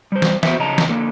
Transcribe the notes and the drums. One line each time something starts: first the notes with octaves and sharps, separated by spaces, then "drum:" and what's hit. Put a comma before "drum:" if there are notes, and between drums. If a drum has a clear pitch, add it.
G3 C5
drum: snare
B3 F#4 C5 E5, drum: snare
C#3 F#3 D#5 A5 A#5
drum: snare
D3 A#3